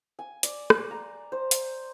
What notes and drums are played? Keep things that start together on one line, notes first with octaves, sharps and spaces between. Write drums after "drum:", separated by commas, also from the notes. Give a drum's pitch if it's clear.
G#5
D5, drum: hi-hat
drum: rim click
A#5
C5
drum: hi-hat